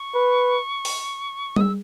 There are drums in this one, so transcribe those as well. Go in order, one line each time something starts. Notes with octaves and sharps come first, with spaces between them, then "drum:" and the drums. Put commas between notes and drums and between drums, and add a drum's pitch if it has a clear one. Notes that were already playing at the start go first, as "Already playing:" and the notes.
Already playing: C#6
B4
drum: open hi-hat
D#6, drum: tom G3
E6